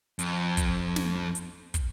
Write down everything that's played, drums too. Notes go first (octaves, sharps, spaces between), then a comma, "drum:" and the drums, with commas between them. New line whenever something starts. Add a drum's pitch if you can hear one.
F2, drum: hi-hat
drum: kick, hi-hat
drum: snare
drum: hi-hat
drum: kick, hi-hat